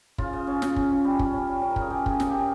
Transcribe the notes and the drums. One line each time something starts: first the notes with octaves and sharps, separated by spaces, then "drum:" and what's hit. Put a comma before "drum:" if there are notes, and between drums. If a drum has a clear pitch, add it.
C#3 F4, drum: kick
C#3
C#4
C#3, drum: snare
C#3, drum: kick
C#4
G3
C#4, drum: kick
C#4
G3
C#4
A#4
C#3 G#4, drum: kick
C#3 G4
C#3 G#4, drum: kick
C#3, drum: snare
C#4 G4